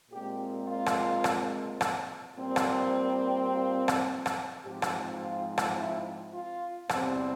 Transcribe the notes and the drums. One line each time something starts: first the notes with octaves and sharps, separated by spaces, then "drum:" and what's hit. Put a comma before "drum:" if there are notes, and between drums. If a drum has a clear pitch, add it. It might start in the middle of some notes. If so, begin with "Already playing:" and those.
A#2 G#3 C4 G4
F4
drum: rim click
drum: rim click
drum: rim click
A#2 G3 C4
drum: rim click
F4
drum: rim click
drum: rim click
G#2 F3 C4 G4
drum: rim click
F4
drum: rim click
E4
F4
E2 C3 G3 C4, drum: rim click